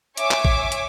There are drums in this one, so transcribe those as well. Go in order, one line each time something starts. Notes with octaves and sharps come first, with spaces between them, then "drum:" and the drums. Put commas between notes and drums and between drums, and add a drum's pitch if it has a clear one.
C#5 E5 G#5 D6, drum: hi-hat
drum: clap
drum: kick A1
drum: hi-hat